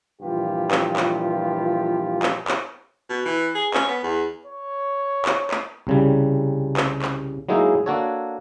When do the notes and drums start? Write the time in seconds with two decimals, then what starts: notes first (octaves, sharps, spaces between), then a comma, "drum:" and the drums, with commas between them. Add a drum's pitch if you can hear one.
0.22 G2 A#2 E3 F3 F4 G4
0.71 drum: clap
0.97 drum: clap
2.23 drum: clap
2.48 drum: clap
3.09 B2
3.25 E3
3.55 G#4
3.74 C#4, drum: clap
3.88 B3
4.03 E2
4.46 C#5
5.25 drum: clap
5.51 drum: clap
5.87 C2 C#3 G3
6.77 drum: clap
7.02 drum: clap
7.49 F#3 G#3 A#3 D#4 E4 G#4
7.86 A#3 D4 F#4 A4 C#5